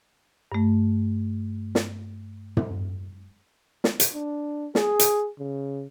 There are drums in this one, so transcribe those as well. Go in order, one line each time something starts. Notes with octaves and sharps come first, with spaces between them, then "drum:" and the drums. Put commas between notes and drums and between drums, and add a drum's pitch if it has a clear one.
G2 A3
drum: snare
drum: tom
drum: snare
drum: hi-hat
D4
G#4, drum: snare
drum: hi-hat
C#3